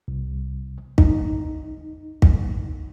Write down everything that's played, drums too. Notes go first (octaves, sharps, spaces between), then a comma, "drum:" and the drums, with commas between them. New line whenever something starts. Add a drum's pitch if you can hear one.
C2
D#4, drum: kick
drum: kick